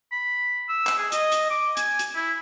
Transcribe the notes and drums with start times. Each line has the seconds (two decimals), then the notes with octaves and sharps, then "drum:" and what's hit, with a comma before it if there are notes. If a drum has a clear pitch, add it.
0.12 B5
0.69 E6
0.87 drum: clap
0.98 G#4
1.12 D#5, drum: hi-hat
1.32 drum: hi-hat
1.50 D6
1.77 G#5, drum: hi-hat
1.99 drum: hi-hat
2.15 E4